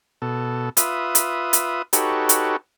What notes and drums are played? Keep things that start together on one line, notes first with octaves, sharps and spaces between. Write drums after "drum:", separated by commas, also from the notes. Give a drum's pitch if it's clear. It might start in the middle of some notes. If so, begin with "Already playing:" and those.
B2 A4
F4 B4 E5 D#6, drum: hi-hat
drum: hi-hat
drum: hi-hat
D#4 F#4 G4 A4 B4 C#5, drum: hi-hat
drum: hi-hat